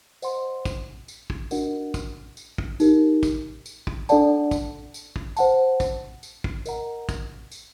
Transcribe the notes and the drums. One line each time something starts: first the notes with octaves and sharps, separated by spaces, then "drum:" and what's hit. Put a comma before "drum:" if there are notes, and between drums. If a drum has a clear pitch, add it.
C5 D#5 F#5 C6, drum: tambourine
drum: kick, tambourine
drum: tambourine
drum: kick
D4 F#4 A#4 D#5 F#5, drum: tambourine
drum: kick, tambourine
drum: tambourine
drum: kick
D#4 G4 A#4, drum: tambourine
drum: kick, tambourine
drum: tambourine
drum: kick
D4 A4 D5 F#5 A5, drum: tambourine
drum: kick, tambourine
drum: tambourine
drum: kick
C5 F#5 A5, drum: tambourine
drum: kick, tambourine
drum: tambourine
drum: kick
A#4 D#5 F#5 A#5, drum: tambourine
drum: kick, tambourine
drum: tambourine